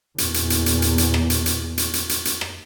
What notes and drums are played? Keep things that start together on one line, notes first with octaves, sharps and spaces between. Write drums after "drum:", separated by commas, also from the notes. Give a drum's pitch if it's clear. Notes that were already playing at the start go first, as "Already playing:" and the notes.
E2 A#2, drum: hi-hat
drum: hi-hat
drum: hi-hat
drum: hi-hat
drum: hi-hat
drum: hi-hat
drum: rim click
drum: hi-hat
drum: hi-hat
drum: hi-hat
drum: hi-hat
drum: hi-hat
drum: hi-hat
drum: rim click